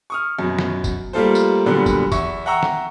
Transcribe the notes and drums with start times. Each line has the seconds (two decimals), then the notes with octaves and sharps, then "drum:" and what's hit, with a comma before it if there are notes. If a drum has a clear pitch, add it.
0.10 C#6 D#6 F6
0.39 F#2 B2
0.59 drum: snare
0.84 drum: kick F#1, tambourine
1.13 G3 A3 A#3 F4 A4 C5
1.35 drum: tambourine
1.66 A#2 D3 F#3 G3 B3
1.86 drum: kick F#1, tambourine
2.12 E2 E5 C#6, drum: kick F#1, tambourine
2.45 E5 F#5 G5 A#5 C#6 E6
2.63 drum: snare